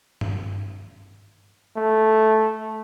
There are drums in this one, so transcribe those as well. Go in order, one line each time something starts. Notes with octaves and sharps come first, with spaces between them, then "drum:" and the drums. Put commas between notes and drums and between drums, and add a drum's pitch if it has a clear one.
drum: tom G2
A3